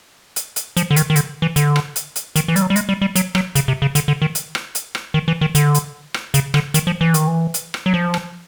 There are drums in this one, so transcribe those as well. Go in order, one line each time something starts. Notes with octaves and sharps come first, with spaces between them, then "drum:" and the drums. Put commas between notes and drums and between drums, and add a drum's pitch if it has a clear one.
drum: hi-hat
drum: hi-hat
F3, drum: hi-hat
D3
D#3, drum: hi-hat
D#3
D3, drum: hi-hat
E3
D3, drum: hi-hat
drum: rim click
drum: hi-hat
drum: hi-hat
D#3, drum: hi-hat
E3
G3, drum: hi-hat
F#3
G3
G#3, drum: hi-hat
G3
G3
F#3, drum: hi-hat
F#3, drum: rim click
C#3, drum: hi-hat
C3
C#3
D3, drum: hi-hat
D3
D#3
drum: hi-hat
drum: rim click
drum: hi-hat
drum: rim click
D#3
E3
D#3
D3, drum: hi-hat
drum: hi-hat
drum: rim click
C#3, drum: hi-hat
D3, drum: rim click
D#3, drum: hi-hat
F3
E3
D#3, drum: hi-hat
E3
drum: hi-hat
drum: rim click
F#3
F3
drum: rim click